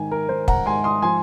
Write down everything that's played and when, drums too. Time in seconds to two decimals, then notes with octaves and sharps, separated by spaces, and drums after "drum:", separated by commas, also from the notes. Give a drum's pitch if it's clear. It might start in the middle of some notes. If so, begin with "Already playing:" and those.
Already playing: G#2 D#3 G#5
0.11 A#4
0.29 D#3 C5
0.48 F#5 A#5, drum: kick
0.66 G#2 G#5 C6
0.84 C6 D#6
1.02 F3 G#5 C6